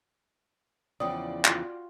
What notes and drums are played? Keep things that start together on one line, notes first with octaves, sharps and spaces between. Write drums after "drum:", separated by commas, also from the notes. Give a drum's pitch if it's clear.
E2 C#3 F3 D5 G5 D#6
F4 F#4, drum: clap